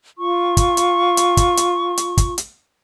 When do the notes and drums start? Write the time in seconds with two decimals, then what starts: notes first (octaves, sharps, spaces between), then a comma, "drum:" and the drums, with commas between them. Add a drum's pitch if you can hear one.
0.17 F4 C#6
0.57 drum: kick, hi-hat
0.77 drum: hi-hat
1.17 drum: hi-hat
1.37 drum: kick, hi-hat
1.57 drum: hi-hat
1.97 drum: hi-hat
2.18 drum: kick, hi-hat
2.38 drum: hi-hat